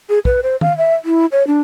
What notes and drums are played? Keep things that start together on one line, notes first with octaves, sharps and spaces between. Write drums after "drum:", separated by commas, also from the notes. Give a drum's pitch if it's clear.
G#4
B4, drum: kick
C5
F5, drum: tom
E5
E4
C#5
D4